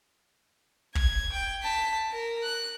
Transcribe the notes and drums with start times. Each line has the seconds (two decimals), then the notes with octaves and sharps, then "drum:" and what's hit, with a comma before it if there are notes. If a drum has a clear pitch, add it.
0.95 G#6, drum: kick
1.33 G5
1.63 A5 B6
2.11 A#4
2.43 F#6